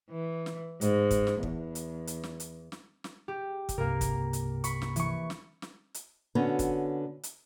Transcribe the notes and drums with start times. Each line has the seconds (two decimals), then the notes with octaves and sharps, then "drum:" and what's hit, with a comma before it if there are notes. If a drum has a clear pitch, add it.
0.10 E3
0.46 drum: snare
0.81 G#2, drum: hi-hat
1.11 drum: kick, hi-hat
1.27 drum: snare
1.43 E2, drum: kick
1.75 drum: hi-hat
2.07 drum: hi-hat
2.24 drum: snare
2.40 drum: hi-hat
2.72 drum: snare
3.04 drum: snare
3.28 G4
3.69 drum: kick, hi-hat
3.78 C2 G2 C3 A#3 A#4
4.01 drum: kick, hi-hat
4.33 drum: hi-hat
4.64 B5 C#6, drum: hi-hat
4.82 drum: snare
4.96 E3 C#6, drum: hi-hat
5.30 drum: snare
5.62 drum: snare
5.94 drum: hi-hat
6.35 D3 B3 C#4 F#4
6.59 drum: kick, hi-hat
7.23 drum: hi-hat